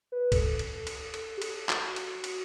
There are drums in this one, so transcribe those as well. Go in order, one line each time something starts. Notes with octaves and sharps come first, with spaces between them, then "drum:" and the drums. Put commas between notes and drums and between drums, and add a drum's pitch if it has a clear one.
B4
A4, drum: kick, cymbal
drum: cymbal
drum: cymbal
A4, drum: cymbal
G4
A4, drum: cymbal
F#4, drum: clap
drum: cymbal
drum: cymbal